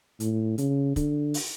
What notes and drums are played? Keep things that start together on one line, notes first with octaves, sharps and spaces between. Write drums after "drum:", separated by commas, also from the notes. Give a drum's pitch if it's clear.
A2, drum: hi-hat
C#3, drum: hi-hat
D3, drum: kick, hi-hat
drum: open hi-hat